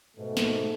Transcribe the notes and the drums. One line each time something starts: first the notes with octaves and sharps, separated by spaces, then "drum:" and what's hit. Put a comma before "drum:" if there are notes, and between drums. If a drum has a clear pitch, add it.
G#2 B2 A3
drum: snare